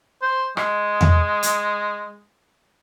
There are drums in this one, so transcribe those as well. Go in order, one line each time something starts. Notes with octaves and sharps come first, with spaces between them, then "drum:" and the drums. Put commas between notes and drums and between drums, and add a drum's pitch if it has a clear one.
C5
G#3, drum: rim click
drum: tom E2
drum: hi-hat